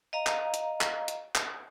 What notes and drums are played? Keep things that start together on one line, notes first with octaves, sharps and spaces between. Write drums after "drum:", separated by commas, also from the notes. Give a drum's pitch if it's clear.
D#5 F5 A#5
drum: clap
drum: hi-hat
drum: clap
drum: hi-hat
drum: clap